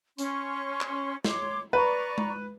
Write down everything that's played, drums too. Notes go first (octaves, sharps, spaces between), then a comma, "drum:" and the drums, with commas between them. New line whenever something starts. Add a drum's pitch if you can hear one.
C#4 C6 C#6, drum: hi-hat
drum: clap
C#5 C6 D6, drum: snare
B4 D5 A#5 C#6
drum: tom G#3